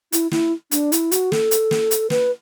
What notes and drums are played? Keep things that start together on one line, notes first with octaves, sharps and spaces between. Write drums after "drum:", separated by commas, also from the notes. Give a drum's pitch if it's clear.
E4, drum: hi-hat
E4, drum: snare
D4, drum: hi-hat
E4, drum: hi-hat
F#4, drum: hi-hat
A4, drum: snare
drum: hi-hat
drum: snare
drum: hi-hat
B4, drum: snare